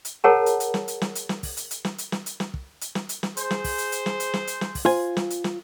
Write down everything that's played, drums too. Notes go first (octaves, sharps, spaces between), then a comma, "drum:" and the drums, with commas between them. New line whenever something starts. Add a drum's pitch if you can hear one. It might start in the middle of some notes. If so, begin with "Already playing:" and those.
drum: hi-hat
G#4 A#4 C#5 F#5 A5 A#5
drum: hi-hat
drum: hi-hat
drum: snare
drum: hi-hat
drum: snare
drum: hi-hat
drum: snare
drum: kick, open hi-hat
drum: hi-hat
drum: hi-hat
drum: snare
drum: hi-hat
drum: snare
drum: hi-hat
drum: snare
drum: kick
drum: hi-hat
drum: snare
drum: hi-hat
drum: snare
G#4 C5, drum: hi-hat
drum: snare
drum: kick, open hi-hat
drum: hi-hat
drum: hi-hat
drum: snare
drum: hi-hat
drum: snare
drum: hi-hat
drum: snare
drum: kick, open hi-hat
F4 C5 G#5
drum: snare
drum: hi-hat
drum: snare